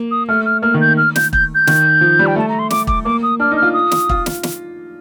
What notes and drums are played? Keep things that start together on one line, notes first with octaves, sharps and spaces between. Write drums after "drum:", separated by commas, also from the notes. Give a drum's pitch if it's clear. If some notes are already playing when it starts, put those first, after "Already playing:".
Already playing: A#3
D#6
A3 F6
F6
A#3 F6
D#3
G6
F6
G6, drum: snare
G6, drum: kick
G6
D#3, drum: snare
F3
G3
G5
A3 A5
A#5
C6
D6, drum: snare
D6, drum: kick
A#3 D6
D#6
D4 F6
D#4
F6
F4
D#6
drum: snare
F4, drum: kick
drum: snare
drum: snare